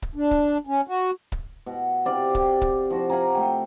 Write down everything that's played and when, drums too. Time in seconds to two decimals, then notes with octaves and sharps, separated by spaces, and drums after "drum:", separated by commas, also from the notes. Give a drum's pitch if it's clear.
0.02 drum: kick C#1
0.15 D4
0.31 drum: kick C#1
0.67 C#4
0.88 F#4
1.32 drum: kick C#1
1.66 B2
2.05 C3 D5 F5
2.35 G5, drum: kick C#1
2.62 drum: kick C#1
2.90 F3 F#4
3.10 F5 F#5 G#5 A#5
3.35 A3 G5